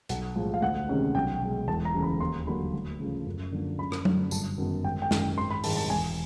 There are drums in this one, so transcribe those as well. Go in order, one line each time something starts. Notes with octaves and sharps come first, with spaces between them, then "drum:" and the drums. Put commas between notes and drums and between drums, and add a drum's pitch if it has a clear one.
B1 F#5, drum: hi-hat
A2 F3 G#3
F5
D2 F#5
C3 D#3 G#3 C#4
B1 G5
B2 G#3
E1 A5
A#5
D2 C#3 E3 A3
B5
D#2 C6
D3 F#3 A#3 B5
D2
C#3 F3 A3
F#2
D3 F3 A#3 D4
F#2 B5
drum: rim click
D3 F#3 A3 D4, drum: tom F#3
G1 A5, drum: tambourine
F#2 D#3 F#3 B3
G#1 G5
G5
F#2 D#3, drum: snare
G5
G#1 C6
B5
G#2 D#3 G#3 A5, drum: open hi-hat
A5
E1 G#5